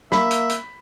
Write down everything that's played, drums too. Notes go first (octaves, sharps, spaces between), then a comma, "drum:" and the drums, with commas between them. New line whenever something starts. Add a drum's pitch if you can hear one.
A#3 E5 B5, drum: snare
drum: hi-hat
drum: hi-hat